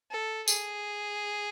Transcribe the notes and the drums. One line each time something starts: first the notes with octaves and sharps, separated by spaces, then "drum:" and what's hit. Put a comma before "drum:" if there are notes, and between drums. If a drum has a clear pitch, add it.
A4
G#4, drum: tambourine